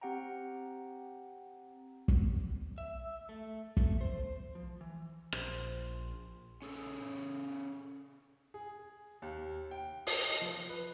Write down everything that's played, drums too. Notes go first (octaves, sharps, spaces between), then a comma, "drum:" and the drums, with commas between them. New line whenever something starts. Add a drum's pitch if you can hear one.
C4 G4 F#5 G5 A#5
drum: kick
E5
A3
A3, drum: kick
C5
F3
E3
A#1 C5, drum: rim click
C#4 G#4 A4
G#4
D#2
G5
D#6, drum: open hi-hat
D#5
F3
B4